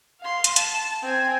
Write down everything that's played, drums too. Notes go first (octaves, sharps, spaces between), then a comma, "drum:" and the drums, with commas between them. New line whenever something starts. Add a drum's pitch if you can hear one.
F5 C6
drum: hi-hat
A5, drum: hi-hat
C4 G#5